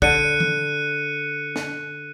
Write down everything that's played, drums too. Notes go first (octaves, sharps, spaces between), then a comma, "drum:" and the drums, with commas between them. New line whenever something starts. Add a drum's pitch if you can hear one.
D3 F#6 C#7 D#7, drum: kick
drum: tom D#3
drum: snare